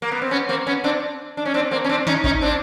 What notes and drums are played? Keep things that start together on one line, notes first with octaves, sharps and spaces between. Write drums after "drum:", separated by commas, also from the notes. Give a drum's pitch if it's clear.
A#3
B3
C4
B3 C#4
A#3 C4
B3 C#4
C4 D4
D4
C#4
C4 D4
A#3 C4
C#4
C4 D4
C#4 D#4, drum: snare
C#4 D#4, drum: kick G#1
C4 D4